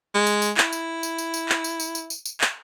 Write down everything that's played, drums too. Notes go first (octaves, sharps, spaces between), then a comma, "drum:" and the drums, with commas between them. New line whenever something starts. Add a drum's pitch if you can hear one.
G#3
drum: tambourine
drum: tambourine
E4, drum: clap
drum: tambourine
drum: tambourine
drum: tambourine
drum: tambourine
drum: clap
drum: tambourine
drum: tambourine
drum: tambourine
drum: tambourine
drum: tambourine
drum: clap